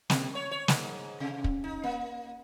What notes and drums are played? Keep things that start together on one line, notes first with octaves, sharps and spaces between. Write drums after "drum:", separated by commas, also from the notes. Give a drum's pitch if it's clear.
B2, drum: snare
C#5
C#5
G#2, drum: snare
C3
drum: kick
D#4
A#3